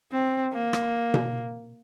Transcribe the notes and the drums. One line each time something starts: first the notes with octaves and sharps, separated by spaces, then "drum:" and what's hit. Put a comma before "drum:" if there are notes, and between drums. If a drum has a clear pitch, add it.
C4
A#3
drum: rim click
drum: tom B2